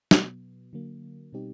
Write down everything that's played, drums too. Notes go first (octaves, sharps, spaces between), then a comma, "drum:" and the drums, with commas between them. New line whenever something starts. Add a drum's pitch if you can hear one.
B2 F#3 B3, drum: snare
D3 F#3 A#3
B2 G3 C4 D#4 G4